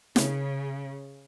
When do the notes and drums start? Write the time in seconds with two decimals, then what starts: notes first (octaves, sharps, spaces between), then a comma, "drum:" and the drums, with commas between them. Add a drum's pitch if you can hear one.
0.16 C#3, drum: snare